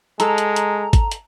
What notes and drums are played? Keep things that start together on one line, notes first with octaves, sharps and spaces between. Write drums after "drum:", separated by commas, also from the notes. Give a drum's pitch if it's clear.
G#3 A4 A#5, drum: hi-hat
drum: hi-hat
drum: hi-hat
drum: kick G#1, hi-hat
drum: hi-hat